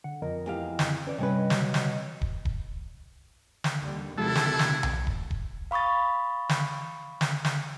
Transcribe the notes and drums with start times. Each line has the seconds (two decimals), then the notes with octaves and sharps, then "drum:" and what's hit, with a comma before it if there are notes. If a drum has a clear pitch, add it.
0.04 D3 F#5
0.22 F2 A#4 D#5
0.46 E2 G4 F5
0.79 drum: snare
1.07 C#4 B4 D5
1.18 G2 C3 G3 C#4 B4 D#5
1.50 F#3, drum: snare
1.74 drum: snare
2.21 drum: kick D#1
2.45 drum: kick D#1
3.64 drum: snare
3.79 D#2 D3 G3
4.18 C3 D#3 F3 G#3 D4 E4 F#4 A4
4.35 drum: snare
4.59 drum: snare
4.83 drum: tom B1
5.07 drum: kick D#1
5.31 drum: kick D#1
5.71 F5 B5 C#6 D#6 A6
6.49 drum: snare
7.21 drum: snare
7.45 drum: snare